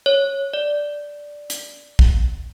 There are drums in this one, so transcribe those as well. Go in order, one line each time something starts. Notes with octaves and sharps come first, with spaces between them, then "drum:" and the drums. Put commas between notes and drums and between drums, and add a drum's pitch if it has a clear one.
C#5
D5
drum: hi-hat
drum: kick